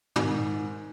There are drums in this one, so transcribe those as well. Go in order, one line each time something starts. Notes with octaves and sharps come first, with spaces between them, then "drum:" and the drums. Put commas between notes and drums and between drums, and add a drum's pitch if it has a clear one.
G#2 D#3, drum: tom